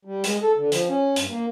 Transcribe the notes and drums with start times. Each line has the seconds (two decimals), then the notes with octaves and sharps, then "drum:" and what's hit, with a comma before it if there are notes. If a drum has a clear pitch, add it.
0.05 G3
0.24 G#3, drum: hi-hat
0.42 A4
0.57 D3
0.72 F3, drum: hi-hat
0.89 C#4
1.16 G2, drum: hi-hat
1.29 A#3